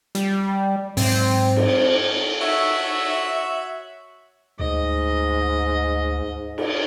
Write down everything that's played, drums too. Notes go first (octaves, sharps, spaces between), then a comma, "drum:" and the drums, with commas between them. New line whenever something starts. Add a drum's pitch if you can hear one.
G3, drum: hi-hat
G#2 F#3 G#3 C4, drum: open hi-hat
drum: cymbal
F#4 C#5 E5
D2 G#2 D#5
drum: cymbal